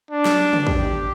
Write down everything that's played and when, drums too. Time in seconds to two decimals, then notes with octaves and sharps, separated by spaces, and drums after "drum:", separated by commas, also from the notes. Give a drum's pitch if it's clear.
0.11 D4
0.25 drum: snare
0.53 drum: tom
0.67 G4, drum: kick